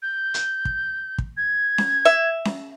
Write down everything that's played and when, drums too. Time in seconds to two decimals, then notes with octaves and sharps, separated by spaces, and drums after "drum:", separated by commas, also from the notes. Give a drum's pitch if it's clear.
0.02 G6
0.34 drum: hi-hat
0.65 drum: kick
1.18 drum: kick
1.37 G#6
1.78 drum: snare C#4
2.05 E5
2.45 drum: snare C#4